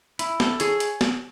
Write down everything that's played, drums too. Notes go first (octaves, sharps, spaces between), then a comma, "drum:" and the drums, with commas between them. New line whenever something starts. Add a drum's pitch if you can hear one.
E4, drum: hi-hat
A4, drum: snare
G#4 C#5, drum: hi-hat
drum: hi-hat
drum: snare